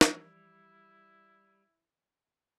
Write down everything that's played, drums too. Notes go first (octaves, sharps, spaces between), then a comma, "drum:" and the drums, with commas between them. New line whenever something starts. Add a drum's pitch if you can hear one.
E3 F3 G3 E4, drum: snare